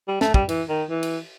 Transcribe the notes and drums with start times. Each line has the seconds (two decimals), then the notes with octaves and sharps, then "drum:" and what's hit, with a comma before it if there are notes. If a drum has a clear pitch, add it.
0.08 G3
0.21 A3, drum: snare
0.34 G3, drum: kick
0.49 E3, drum: cymbal
0.69 D#3
0.89 E3
1.03 drum: cymbal